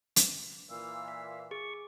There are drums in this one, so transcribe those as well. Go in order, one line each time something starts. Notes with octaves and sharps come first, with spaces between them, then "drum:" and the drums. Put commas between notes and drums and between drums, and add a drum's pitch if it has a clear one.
drum: hi-hat
A#2 E3 F5 E6
E5
G#4 C#6